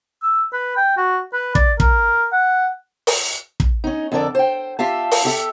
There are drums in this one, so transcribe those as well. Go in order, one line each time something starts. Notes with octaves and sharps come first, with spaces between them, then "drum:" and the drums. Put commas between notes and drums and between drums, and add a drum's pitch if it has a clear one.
E6
B4
G5
F#4
B4
D5, drum: kick
A#4, drum: kick
F#5
drum: open hi-hat
drum: kick
C#4 D#4
F2 D3 A4 A#4 D5
C5 G5
F4 G4 E5 F5 A5
drum: open hi-hat
G4 A4 E5